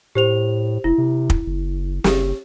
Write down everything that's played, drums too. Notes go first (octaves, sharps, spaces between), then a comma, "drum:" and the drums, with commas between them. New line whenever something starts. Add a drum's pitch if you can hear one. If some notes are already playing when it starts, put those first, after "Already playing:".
A2 G4 C5 F7
F1 E4
C3
drum: kick
F#1
F#1 G4, drum: snare